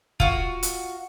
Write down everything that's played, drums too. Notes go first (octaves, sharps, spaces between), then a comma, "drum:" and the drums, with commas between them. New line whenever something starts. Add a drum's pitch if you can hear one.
F4 F#4, drum: kick
drum: hi-hat